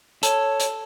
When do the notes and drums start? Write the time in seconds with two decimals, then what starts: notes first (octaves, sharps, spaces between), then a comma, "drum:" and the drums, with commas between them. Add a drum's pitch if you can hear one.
0.23 A4 C#5, drum: hi-hat
0.60 drum: hi-hat